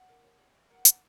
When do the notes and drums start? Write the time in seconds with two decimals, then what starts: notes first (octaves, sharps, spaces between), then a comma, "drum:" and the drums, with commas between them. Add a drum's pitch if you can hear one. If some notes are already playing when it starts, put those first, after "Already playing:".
Already playing: F#5
0.09 A#3
0.24 C#4
0.39 G3
0.55 E3
0.70 A#3 F#5
0.85 E3, drum: hi-hat